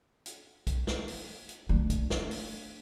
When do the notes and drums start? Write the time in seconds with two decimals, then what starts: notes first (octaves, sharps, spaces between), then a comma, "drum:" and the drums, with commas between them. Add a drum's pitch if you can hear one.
0.26 drum: hi-hat
0.67 drum: kick, hi-hat
0.87 drum: snare
1.08 drum: open hi-hat
1.49 drum: hi-hat
1.69 A3 D4
1.90 drum: kick, hi-hat
2.10 drum: snare
2.31 drum: open hi-hat